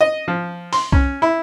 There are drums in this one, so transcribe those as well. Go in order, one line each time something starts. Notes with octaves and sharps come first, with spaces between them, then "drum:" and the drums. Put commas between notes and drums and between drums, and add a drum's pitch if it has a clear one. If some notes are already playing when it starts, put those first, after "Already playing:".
D#5
F3
C6, drum: open hi-hat
C#4, drum: kick C2
E4